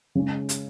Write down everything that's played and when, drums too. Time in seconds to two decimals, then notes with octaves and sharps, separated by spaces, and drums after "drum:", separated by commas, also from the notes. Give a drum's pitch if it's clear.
0.15 C#3 G#3 C#4
0.49 drum: hi-hat